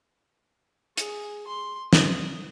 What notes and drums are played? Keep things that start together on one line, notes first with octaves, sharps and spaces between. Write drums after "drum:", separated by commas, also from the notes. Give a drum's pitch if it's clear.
G#4, drum: hi-hat
C6
D#6, drum: snare